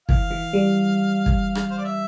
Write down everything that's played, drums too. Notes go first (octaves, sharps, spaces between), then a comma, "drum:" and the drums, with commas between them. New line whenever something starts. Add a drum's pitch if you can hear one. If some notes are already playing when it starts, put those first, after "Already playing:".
E3 F5, drum: kick
E3
G3
drum: kick
drum: rim click
C5
D5
E5